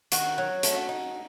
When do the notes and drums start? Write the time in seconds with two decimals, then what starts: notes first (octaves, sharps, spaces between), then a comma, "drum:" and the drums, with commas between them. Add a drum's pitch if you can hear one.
0.12 D#3 F#4, drum: hi-hat
0.38 F#3
0.63 A3, drum: hi-hat
0.89 D#4